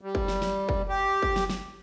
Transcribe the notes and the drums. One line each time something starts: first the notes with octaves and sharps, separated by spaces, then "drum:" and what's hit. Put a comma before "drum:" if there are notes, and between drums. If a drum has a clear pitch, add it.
G3
drum: kick
drum: snare
drum: snare
drum: kick
G4
drum: kick
drum: snare
drum: snare